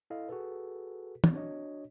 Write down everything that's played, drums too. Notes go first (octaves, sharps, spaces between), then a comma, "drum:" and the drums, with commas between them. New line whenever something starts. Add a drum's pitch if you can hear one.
E4 A4 D#5 F5
F#4 G#4 A4 B4
drum: tom
D4 F#4 C#5 D#5